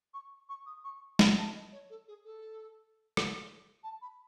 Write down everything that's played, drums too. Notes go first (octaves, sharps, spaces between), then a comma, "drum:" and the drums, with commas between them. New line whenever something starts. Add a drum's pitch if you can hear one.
C#6
C#6
D#6
C#6
B5, drum: snare
A5
D#5
C#5
A4
G#4
A4
drum: rim click
A5
B5